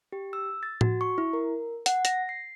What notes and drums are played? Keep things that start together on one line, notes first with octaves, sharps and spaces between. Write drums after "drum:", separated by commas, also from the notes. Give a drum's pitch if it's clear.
G4
E6
A6
F#4, drum: tom A2
C#6
E4
A#4
F#5, drum: hi-hat
A#6, drum: hi-hat
C7